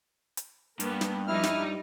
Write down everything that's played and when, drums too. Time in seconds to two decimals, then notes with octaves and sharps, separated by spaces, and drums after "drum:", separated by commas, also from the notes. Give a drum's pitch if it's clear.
0.37 drum: hi-hat
0.80 G2 A#3 B3, drum: hi-hat
1.01 drum: snare
1.27 F3 G3 D#4 E4 F6
1.43 drum: snare